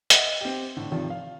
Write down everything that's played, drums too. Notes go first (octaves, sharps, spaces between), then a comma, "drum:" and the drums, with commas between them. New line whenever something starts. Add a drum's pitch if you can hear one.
D#5 E5 F#5, drum: hi-hat
C4 G4
A2 D3
G#1 C3 D#3 F3
F5